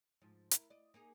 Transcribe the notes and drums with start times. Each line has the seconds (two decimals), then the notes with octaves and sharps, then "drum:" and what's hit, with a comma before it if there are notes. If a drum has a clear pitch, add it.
0.22 G#2 F3
0.51 E4 A#4, drum: hi-hat
0.70 D5 D#5
0.94 A#3 D#4 G#4